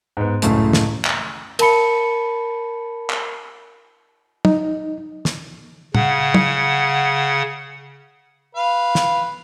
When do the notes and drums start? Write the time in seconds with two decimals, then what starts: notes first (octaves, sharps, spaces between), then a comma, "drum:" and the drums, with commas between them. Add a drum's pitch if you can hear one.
0.17 G#2 B3
0.42 C#2 F#2 A2 C#3 A3, drum: hi-hat
0.73 drum: snare
1.05 drum: clap
1.59 A#4 A5 B5 C#7, drum: cymbal
3.10 drum: clap
4.45 D#4, drum: tom
5.25 drum: snare
5.95 C#3 F#5, drum: tom
6.34 drum: tom
8.55 B4 F5
8.95 drum: snare